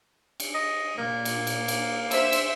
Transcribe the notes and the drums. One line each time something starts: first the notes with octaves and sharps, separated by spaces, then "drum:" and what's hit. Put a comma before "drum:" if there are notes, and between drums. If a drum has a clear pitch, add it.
drum: cymbal
D#5
A#2 A#3
drum: cymbal
drum: cymbal
drum: cymbal
C5 E5 E6, drum: cymbal
drum: cymbal